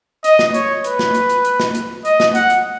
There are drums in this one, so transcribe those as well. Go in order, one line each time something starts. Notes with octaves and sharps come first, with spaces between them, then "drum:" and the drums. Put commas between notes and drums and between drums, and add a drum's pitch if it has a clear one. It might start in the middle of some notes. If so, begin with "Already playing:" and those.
D#5, drum: hi-hat
drum: snare
C#5, drum: hi-hat
B4, drum: hi-hat
drum: snare
drum: hi-hat
drum: hi-hat
drum: hi-hat
drum: snare
drum: hi-hat
D#5, drum: hi-hat
drum: snare
F#5, drum: hi-hat
drum: hi-hat